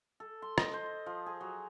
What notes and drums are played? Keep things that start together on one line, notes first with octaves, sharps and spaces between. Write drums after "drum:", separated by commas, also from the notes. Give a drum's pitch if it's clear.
A4
C6
D#5, drum: rim click
C5
F3
G#4
F#3